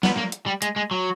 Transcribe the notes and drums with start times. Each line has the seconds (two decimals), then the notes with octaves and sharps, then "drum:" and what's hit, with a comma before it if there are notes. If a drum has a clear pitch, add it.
0.03 B3, drum: snare
0.17 A#3
0.32 drum: hi-hat
0.46 G3
0.62 G#3, drum: hi-hat
0.76 G#3
0.91 F#3